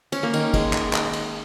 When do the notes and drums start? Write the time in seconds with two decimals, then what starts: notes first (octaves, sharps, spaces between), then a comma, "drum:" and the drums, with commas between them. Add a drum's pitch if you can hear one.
0.12 C#4, drum: cymbal
0.23 A#3
0.34 D#3, drum: cymbal
0.54 G#3, drum: kick, cymbal
0.73 drum: clap
0.93 drum: clap
1.13 drum: cymbal